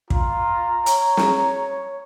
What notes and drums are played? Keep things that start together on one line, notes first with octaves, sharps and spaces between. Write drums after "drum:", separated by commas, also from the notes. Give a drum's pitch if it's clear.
F4 A#5, drum: kick
C#5, drum: hi-hat
drum: snare